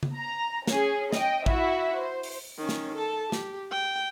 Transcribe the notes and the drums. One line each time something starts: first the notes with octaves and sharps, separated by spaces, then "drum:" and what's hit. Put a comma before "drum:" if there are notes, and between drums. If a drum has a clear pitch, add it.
drum: tom C#3
A#5
C#4 G#4, drum: snare
D#5 G5, drum: snare
E4 F#4 E5, drum: kick
C5
drum: open hi-hat
D#3 C#4
drum: snare
A4 A5
G4, drum: snare
G5